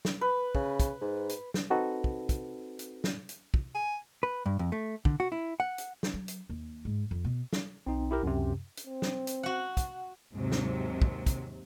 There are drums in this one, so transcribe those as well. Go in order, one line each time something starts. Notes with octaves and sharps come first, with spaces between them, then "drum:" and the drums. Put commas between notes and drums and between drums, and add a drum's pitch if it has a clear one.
drum: snare
B4
C#3, drum: kick
drum: kick, hi-hat
G#2
drum: hi-hat
drum: snare
C4 D#4 F#4 A4 B4
drum: kick
drum: kick, hi-hat
drum: hi-hat
drum: snare
drum: hi-hat
drum: kick
G#5
B4
G2
F2
A3
D3, drum: kick
F#4
E4
F#5
drum: hi-hat
drum: snare
F#3
drum: hi-hat
D#2
G#2
F2
B2
drum: snare
B1 C4 D#4
E4 G4 A#4
C#2 F#2 C3
drum: hi-hat
C4
drum: snare
drum: hi-hat
F#4 F#5
drum: kick, hi-hat
D#2 G#2 C3 F#3
drum: snare
drum: kick
drum: kick, hi-hat